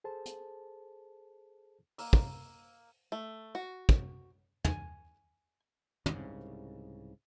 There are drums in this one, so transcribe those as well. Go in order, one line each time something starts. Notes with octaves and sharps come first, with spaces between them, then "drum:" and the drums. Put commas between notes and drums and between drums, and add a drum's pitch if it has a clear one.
G#4 A4 C5 A5
drum: hi-hat
A#3 E6, drum: open hi-hat
drum: kick
A3
F#4
drum: kick
G#5, drum: tom
C2 G#2 C#3, drum: tom